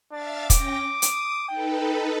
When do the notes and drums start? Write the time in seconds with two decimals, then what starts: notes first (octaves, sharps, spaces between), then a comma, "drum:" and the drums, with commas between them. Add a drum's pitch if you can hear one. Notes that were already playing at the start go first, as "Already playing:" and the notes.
0.12 D4 E5 F5 A6
0.50 C#4 G5 D6 A#6, drum: kick, hi-hat
0.88 D#6
1.02 drum: hi-hat
1.49 D#4 A4 B4 G5